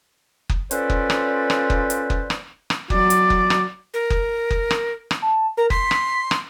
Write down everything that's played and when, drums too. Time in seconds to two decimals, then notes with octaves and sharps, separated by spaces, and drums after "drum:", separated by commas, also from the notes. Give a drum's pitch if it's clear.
0.49 drum: kick F#1
0.71 C#4 F4 A4 B4 C5 D5, drum: hi-hat
0.90 drum: kick F#1
1.10 drum: rim click
1.50 drum: rim click
1.70 drum: kick F#1
1.90 drum: hi-hat
2.10 drum: kick F#1
2.30 drum: rim click
2.70 drum: rim click
2.90 F#3 D5, drum: kick F#1
3.10 drum: hi-hat
3.30 drum: kick F#1
3.50 drum: rim click
3.94 A#4
4.10 drum: kick F#1
4.50 drum: kick F#1
4.71 drum: rim click
5.11 drum: rim click
5.22 A5
5.57 A#4 A#5
5.70 C6 B6, drum: kick F#1
5.91 drum: rim click
6.31 drum: rim click